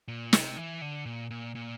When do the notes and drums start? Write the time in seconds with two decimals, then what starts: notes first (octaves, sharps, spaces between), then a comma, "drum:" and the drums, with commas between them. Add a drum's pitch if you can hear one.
0.08 A#2
0.33 C3, drum: snare
0.57 E3
0.82 D3
1.06 A#2
1.31 A#2
1.55 A#2